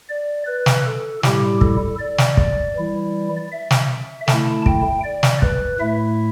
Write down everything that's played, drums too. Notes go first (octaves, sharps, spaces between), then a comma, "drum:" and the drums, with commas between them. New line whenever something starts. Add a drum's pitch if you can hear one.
D5
B4
drum: snare
A4
A2 G3 E4 G4, drum: snare
A4, drum: kick
D5
drum: snare
drum: kick
E3 G3 E4
E5
drum: snare
D3 A3 E4 A5, drum: snare
G5, drum: kick
D5
drum: snare
B4, drum: kick
A2 A3 E4 E5